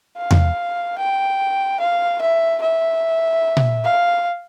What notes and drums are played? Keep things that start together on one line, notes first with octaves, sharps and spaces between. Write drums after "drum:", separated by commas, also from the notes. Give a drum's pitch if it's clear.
F5
drum: tom E2
G5
F5
E5
E5
drum: tom A#2
F5